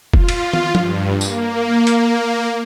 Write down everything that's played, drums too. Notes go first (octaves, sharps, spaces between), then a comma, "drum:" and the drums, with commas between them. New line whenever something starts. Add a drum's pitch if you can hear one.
F4, drum: kick
drum: cymbal
drum: tom
G2, drum: tom F3
A#3, drum: tambourine
drum: hi-hat